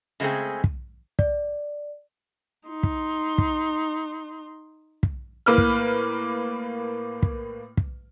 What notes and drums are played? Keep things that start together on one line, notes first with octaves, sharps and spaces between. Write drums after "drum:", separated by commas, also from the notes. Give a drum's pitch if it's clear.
C#3 G#3 A3 C4 G#4
drum: kick
D5, drum: kick
D#4 C6
drum: kick
drum: kick
drum: kick
A2 A#3 B4 F6
drum: kick
drum: kick
drum: kick